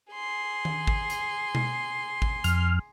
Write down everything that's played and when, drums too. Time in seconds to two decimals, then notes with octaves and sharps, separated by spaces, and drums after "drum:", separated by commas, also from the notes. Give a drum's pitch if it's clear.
0.13 G#4 C6
0.65 drum: tom D#3
0.87 drum: kick G#1
1.10 drum: hi-hat
1.55 drum: tom B2
2.22 drum: kick G#1
2.44 F2 F6, drum: hi-hat